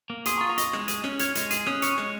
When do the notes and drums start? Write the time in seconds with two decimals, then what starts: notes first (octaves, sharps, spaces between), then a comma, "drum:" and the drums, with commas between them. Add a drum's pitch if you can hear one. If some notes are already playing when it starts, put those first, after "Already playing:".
0.10 A#3
0.25 G#4 C6 D#6, drum: hi-hat
0.37 F4 A#5 C#6
0.49 A#5 C#6
0.58 D#5, drum: hi-hat
0.73 G#3, drum: rim click
0.88 G#4, drum: hi-hat
1.04 C#4, drum: rim click
1.19 C#5 F6 G#6, drum: hi-hat
1.35 G#3, drum: hi-hat
1.51 G#4, drum: hi-hat
1.66 C#4 D#6 F#6, drum: rim click
1.82 C#5 C#6 F6, drum: hi-hat
1.98 G#3, drum: rim click